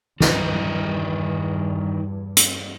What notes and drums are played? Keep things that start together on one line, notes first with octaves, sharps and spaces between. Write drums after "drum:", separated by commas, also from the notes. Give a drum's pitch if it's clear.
E2 G2 D#3 D#4 E4, drum: snare
drum: hi-hat